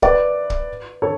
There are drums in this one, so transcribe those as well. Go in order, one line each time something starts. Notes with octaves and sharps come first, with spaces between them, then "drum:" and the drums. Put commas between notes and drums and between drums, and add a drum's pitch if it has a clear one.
B4 D5, drum: kick
drum: kick
A4 C#5